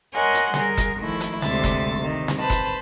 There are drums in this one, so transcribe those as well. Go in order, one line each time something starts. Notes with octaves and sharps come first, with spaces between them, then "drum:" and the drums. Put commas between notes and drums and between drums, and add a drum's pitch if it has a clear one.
A#4 C#5 D#5 F#5 G#5 C6
drum: hi-hat
G3 G#4 A#4, drum: snare
drum: kick F#1, hi-hat
D#3 F3 A3 E4
drum: hi-hat
D2 C3 G#3 E5 A6, drum: snare
drum: kick F#1, hi-hat
C3 D#3
drum: snare
B4 C5 A5 B5
drum: kick F#1, hi-hat